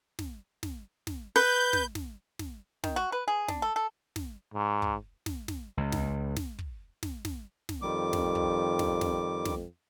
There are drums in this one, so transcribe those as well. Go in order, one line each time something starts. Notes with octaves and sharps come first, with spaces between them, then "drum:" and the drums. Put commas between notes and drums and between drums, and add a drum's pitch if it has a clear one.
drum: snare
drum: snare
drum: snare
B4 G6
drum: snare
drum: snare
drum: snare
D#3, drum: snare
F#4
B4
G#4
D4, drum: snare
A4
A4
drum: snare
G#2
drum: kick
drum: snare
drum: snare
C#2
drum: snare
drum: snare
drum: kick
drum: snare
drum: snare
drum: snare
F2 D#3 G3 D6
drum: snare
drum: kick
drum: snare
drum: snare
drum: snare